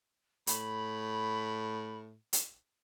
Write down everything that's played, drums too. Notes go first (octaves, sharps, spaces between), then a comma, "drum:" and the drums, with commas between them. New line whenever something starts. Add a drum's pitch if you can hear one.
A2 B5, drum: hi-hat
drum: hi-hat